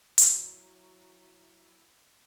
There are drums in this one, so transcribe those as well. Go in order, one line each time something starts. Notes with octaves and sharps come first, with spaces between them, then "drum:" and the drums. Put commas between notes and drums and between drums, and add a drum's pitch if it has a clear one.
F#3 E4, drum: hi-hat